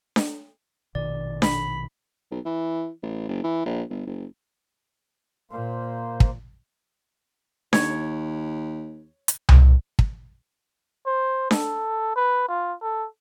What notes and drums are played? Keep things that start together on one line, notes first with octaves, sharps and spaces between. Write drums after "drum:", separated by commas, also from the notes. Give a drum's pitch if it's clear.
drum: snare D4
A#1 B2 D#3 D5
B5 B6, drum: snare D4
B1
E3
A1
F#1
E3
A#1
G1
F#1
A#2 A#3 C5
drum: kick
D#2 C#5, drum: snare D4
drum: hi-hat
drum: tom C2
drum: kick
C5
A4, drum: snare D4
B4
F4
A4